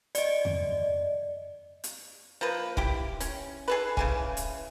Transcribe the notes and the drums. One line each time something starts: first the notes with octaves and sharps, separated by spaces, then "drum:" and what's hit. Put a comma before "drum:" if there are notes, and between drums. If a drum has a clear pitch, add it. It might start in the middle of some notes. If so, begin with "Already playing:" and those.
D5 D#5, drum: hi-hat
drum: tom F2
drum: hi-hat
F3 A#3 B4
E4 G4, drum: kick
C#4, drum: hi-hat
G#4 A4 B4
C#3 E3 G#5, drum: kick
drum: hi-hat